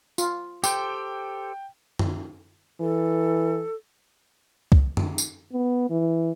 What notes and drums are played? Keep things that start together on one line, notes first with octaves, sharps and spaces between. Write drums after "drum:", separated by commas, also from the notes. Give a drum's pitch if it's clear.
F4, drum: tambourine
G4 A4 C5 G5, drum: tambourine
drum: tom
E3 A4
drum: kick
drum: tom
drum: tambourine
B3
E3